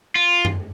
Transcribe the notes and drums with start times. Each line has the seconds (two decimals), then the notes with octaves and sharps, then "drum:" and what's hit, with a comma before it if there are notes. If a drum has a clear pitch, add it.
0.15 F4
0.45 drum: tom F#2